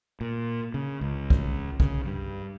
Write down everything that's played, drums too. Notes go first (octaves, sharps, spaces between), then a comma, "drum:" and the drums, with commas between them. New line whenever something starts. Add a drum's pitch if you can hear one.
A#2
C#3
C#2
drum: kick
C#3, drum: kick
G2